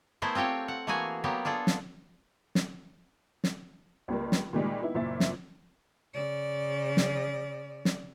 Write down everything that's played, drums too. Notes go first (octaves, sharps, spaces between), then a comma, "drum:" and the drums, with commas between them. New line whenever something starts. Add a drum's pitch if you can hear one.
A3 B3 E4 G#4 A#4 C5
C4 F4 G4 C#5 G5
F#5
E3 A3 A#3 F#4 G#4 G#5
F#3 A#3 B3 G4
D4 F4 G#4 A4
drum: snare
drum: snare
drum: snare
C#2 G3 A#3
drum: snare
A#2 D#3 G3 G#3
B3 D#4 E4
F#1 A#2 E4 E5 A6
drum: snare
C#3 D5
drum: snare
drum: snare